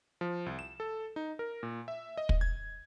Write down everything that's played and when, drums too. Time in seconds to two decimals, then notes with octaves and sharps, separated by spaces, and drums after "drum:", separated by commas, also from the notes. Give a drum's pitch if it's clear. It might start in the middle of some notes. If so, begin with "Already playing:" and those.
0.21 F3
0.46 C2
0.59 E7
0.80 A4
1.16 D#4
1.39 A#4
1.63 A#2
1.88 E5
2.18 D#5
2.29 drum: kick
2.41 G#6